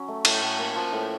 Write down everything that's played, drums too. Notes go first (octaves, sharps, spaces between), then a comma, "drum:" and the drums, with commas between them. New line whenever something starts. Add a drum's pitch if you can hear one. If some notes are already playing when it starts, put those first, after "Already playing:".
Already playing: F#3 C#4
A3
A2, drum: cymbal
A2
A#3
F3
A2